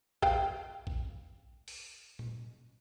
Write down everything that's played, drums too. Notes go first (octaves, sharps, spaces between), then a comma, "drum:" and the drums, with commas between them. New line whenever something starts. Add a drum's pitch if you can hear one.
B4 F5 G5, drum: kick
drum: kick
drum: open hi-hat
drum: tom A#2